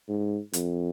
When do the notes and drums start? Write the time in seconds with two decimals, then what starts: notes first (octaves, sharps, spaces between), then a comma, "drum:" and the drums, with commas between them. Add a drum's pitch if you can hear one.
0.09 G#2
0.53 F2, drum: hi-hat